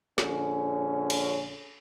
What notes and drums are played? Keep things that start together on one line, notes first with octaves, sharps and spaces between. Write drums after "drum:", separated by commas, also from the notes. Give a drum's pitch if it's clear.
A#1 D3 C#4, drum: snare
drum: cymbal